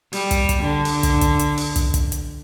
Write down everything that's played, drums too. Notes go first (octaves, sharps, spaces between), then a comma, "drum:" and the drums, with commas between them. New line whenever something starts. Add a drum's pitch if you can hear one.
G3, drum: open hi-hat
drum: kick, hi-hat
drum: kick, hi-hat
D3
drum: open hi-hat
drum: kick, hi-hat
drum: kick, hi-hat
drum: hi-hat
drum: open hi-hat
drum: kick, hi-hat
drum: kick, hi-hat
drum: hi-hat